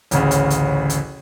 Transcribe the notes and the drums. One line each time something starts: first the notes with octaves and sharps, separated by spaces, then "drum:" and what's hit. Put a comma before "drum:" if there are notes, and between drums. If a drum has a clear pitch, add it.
A1 D2 C#3, drum: hi-hat
drum: hi-hat
drum: hi-hat
drum: hi-hat